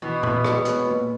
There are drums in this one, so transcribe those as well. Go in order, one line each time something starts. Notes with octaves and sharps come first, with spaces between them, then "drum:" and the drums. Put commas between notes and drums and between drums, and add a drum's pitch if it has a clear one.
B2 E3
B3 E4 B4, drum: tom
G#3, drum: rim click
B3 F#4 C#5, drum: hi-hat
A#2